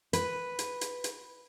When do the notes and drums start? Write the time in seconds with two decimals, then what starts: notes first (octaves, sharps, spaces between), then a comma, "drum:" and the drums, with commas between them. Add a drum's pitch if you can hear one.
0.13 B4, drum: hi-hat
0.59 drum: hi-hat
0.81 drum: hi-hat
1.04 drum: hi-hat